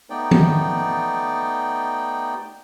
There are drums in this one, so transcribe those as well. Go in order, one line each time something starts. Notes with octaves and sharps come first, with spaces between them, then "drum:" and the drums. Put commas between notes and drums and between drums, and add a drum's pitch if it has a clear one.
A3 B3 D#4 D5 G5
drum: tom D#3